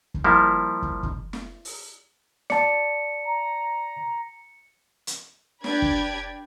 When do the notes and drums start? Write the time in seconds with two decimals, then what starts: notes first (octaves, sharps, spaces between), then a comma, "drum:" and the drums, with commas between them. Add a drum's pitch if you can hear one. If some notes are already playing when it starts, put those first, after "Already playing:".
0.14 drum: kick
0.24 F3 G3 A#3 E4
0.82 drum: kick
1.03 drum: kick
1.33 drum: snare
1.65 drum: open hi-hat
2.50 D5 A5 C#7, drum: snare
3.24 A#5
5.07 drum: hi-hat
5.64 D4 G4 B4 D5 G5 G#6, drum: snare
5.82 drum: kick